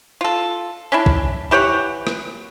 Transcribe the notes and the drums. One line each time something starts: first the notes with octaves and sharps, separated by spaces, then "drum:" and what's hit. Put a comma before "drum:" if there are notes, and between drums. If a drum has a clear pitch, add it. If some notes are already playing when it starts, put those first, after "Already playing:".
F4 A4
C#4 D4 E4
drum: kick B1
E3 G4 C#5 F#5
drum: rim click